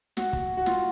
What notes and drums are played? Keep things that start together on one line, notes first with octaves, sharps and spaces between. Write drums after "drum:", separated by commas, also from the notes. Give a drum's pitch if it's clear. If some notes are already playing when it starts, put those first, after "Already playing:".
F#4, drum: snare
drum: kick
F#4
F4, drum: snare